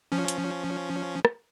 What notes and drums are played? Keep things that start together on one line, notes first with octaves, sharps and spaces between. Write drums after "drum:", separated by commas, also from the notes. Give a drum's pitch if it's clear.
F3 C#4
drum: hi-hat
drum: rim click